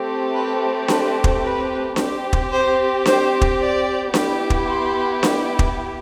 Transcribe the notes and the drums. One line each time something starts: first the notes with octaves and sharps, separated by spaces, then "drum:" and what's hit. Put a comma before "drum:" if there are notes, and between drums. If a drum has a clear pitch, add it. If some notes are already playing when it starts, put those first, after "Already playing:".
Already playing: A3 C4 G4
B4
B4, drum: snare D4
drum: kick
B4
C4 G4, drum: snare D4
drum: kick
C5
C5, drum: snare D4
drum: kick
D5
B3 E4 G4, drum: snare D4
drum: kick
C6
drum: snare D4
drum: kick